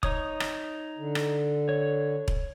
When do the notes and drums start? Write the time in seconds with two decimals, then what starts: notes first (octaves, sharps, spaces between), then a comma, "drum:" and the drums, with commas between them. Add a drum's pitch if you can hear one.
0.03 D#4 C#5 D#6, drum: kick E1
0.40 drum: rim click
0.98 D3
1.15 drum: rim click
1.69 C#5
2.28 drum: kick E1